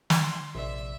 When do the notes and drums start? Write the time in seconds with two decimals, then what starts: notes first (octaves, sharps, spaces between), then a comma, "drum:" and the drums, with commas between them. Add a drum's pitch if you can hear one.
0.10 C6, drum: snare
0.55 A#1 C3 D5 E5